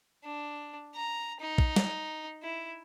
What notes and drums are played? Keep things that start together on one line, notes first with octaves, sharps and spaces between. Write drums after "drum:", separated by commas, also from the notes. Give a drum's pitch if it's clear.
D4
A#5
D#4
drum: kick
drum: snare
E4